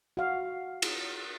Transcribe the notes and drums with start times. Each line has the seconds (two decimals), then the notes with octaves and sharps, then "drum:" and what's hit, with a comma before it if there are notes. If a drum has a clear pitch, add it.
0.17 F#4 F5
0.82 drum: cymbal